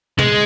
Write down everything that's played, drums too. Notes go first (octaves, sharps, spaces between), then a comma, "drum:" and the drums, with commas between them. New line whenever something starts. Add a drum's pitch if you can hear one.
G#3, drum: tom